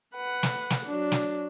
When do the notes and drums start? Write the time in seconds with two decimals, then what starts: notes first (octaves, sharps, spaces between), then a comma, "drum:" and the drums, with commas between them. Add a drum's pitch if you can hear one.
0.15 B4 F#5
0.43 drum: snare
0.70 drum: snare
0.86 F#3 D4
1.12 drum: snare